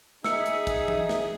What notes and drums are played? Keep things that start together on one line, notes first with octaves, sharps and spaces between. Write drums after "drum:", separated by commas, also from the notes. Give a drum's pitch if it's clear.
D#4 G#4 E5 E6 C#7, drum: snare
drum: hi-hat
drum: kick, hi-hat
drum: tom E3
drum: snare